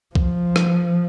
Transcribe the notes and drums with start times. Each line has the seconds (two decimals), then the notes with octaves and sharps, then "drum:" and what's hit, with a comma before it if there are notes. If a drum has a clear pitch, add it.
0.15 F3, drum: kick B1
0.56 drum: rim click